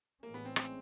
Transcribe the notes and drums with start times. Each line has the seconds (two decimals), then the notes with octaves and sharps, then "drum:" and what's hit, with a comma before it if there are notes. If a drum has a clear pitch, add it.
0.23 A1 A2 E3 G#3 A#3 C#4
0.34 B3
0.45 C4
0.56 C4, drum: rim click